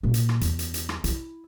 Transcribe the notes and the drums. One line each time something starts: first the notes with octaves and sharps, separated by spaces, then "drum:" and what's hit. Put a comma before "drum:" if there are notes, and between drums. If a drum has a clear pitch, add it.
A#2 A#3
drum: hi-hat
drum: rim click
E2, drum: hi-hat
drum: hi-hat
drum: hi-hat
drum: rim click
E4, drum: hi-hat